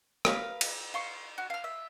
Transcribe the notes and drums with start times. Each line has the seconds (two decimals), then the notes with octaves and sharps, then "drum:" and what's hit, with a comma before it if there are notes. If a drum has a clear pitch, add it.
0.25 A#4 B4 F5, drum: rim click
0.61 drum: cymbal
0.94 F5 C6 C#6
1.38 F#4
1.50 F5 F6
1.64 E5